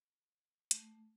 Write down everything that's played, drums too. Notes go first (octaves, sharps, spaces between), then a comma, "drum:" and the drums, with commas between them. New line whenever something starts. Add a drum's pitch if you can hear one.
A3, drum: hi-hat